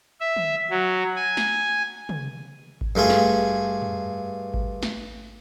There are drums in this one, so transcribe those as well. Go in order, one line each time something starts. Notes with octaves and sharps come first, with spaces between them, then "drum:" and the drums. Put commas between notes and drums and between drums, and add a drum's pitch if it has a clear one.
E5
drum: tom
F#3
G#5
drum: snare
drum: tom
drum: kick G#1
G2 A3 F4 G#4
drum: snare
drum: tom F2
drum: kick G#1
drum: snare